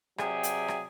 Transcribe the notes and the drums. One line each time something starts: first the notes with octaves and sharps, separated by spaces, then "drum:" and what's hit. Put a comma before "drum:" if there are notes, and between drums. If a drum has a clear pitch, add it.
C3 F#3 G#4 D5 E5 G5, drum: rim click
drum: hi-hat
drum: rim click